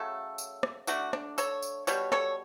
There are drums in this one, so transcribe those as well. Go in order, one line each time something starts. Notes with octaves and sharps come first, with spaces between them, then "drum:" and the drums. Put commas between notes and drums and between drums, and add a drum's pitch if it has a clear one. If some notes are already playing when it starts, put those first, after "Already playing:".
Already playing: C#3 F#3 A3 A4
drum: tambourine
drum: rim click
D3 A3 D4 F#4, drum: tambourine
D4, drum: rim click
A4 C#5, drum: tambourine
drum: tambourine
B2 G3 C#5, drum: tambourine
A4 C#5, drum: rim click